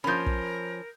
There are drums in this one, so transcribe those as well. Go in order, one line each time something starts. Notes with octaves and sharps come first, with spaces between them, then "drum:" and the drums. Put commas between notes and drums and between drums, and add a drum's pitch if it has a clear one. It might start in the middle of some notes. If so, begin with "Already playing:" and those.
F3 C#4 A#4 B5 G6
drum: kick